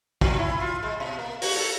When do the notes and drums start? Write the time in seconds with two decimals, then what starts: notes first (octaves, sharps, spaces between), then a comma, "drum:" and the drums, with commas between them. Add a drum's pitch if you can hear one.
0.21 F3, drum: kick
0.39 E4
0.60 F4
0.83 G#3
1.00 B2
1.19 A#3
1.42 F#4, drum: open hi-hat
1.55 A4